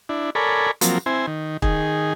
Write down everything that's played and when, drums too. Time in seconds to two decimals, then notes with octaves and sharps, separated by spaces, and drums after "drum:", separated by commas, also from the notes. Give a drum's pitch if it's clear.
0.09 D4 E4
0.35 A4 A#4 C#5 D5 G#5 B5
0.81 F3 F#3 A#3 C4, drum: hi-hat
1.06 C4 E4 C5 G#5
1.27 D#3
1.62 D#3 G#4, drum: kick